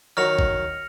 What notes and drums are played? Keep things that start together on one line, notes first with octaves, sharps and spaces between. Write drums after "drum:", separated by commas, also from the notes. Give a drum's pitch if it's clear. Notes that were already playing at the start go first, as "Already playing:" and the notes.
D#3 F#3 F6 A#6 C#7 F7
drum: kick